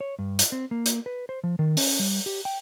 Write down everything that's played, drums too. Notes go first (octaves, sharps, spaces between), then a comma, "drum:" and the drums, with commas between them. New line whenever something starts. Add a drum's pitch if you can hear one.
C#5
G2
drum: hi-hat
C4
A#3
drum: hi-hat
B4
C5
F3
D#3
C#4, drum: open hi-hat
G3
G4
G5